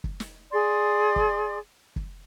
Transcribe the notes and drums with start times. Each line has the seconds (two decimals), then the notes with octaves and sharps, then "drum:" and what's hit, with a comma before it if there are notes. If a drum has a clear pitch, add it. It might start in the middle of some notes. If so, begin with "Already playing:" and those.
0.04 drum: kick
0.20 drum: snare
0.52 G#4 D5 C6
1.16 drum: kick
1.96 drum: kick